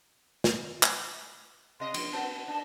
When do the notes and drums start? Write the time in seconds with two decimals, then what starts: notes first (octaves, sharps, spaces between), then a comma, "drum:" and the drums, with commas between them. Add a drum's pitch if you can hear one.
0.44 drum: snare
0.83 drum: clap
1.80 C3 D#5 C6
1.94 F3, drum: cymbal
2.12 B3 F#4 A5
2.48 D4 A5